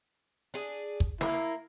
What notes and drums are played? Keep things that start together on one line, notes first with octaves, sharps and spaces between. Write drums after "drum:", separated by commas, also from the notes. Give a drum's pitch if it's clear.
D4 G#4
drum: kick
A#3 E4, drum: snare